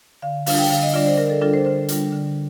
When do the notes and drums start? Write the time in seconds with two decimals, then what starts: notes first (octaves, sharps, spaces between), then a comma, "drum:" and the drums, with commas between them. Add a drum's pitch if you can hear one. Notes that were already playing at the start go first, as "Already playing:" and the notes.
0.22 D3 F5
0.46 G3 D4 F4 F5, drum: open hi-hat
0.58 G5
0.70 D3 F5
0.83 D#5
0.93 G3 D4 F4 D5
1.06 C5
1.17 D3 A#4
1.30 A4
1.41 G3 D4 F4 A4
1.54 C5
1.65 D3 C5
1.88 G3 D4 F4, drum: hi-hat
2.13 D3